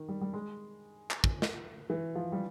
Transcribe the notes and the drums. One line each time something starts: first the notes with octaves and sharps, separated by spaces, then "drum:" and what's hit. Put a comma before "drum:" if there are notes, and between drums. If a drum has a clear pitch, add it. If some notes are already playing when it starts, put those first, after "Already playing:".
Already playing: D#3
G3
G3
G#3
drum: clap
drum: kick
drum: snare
E3
F3
G3